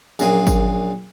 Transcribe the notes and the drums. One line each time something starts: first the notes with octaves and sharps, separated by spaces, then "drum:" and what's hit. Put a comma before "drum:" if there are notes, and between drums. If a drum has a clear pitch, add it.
A#1 F#2 A#2 G#4, drum: tambourine
drum: kick G#1, tambourine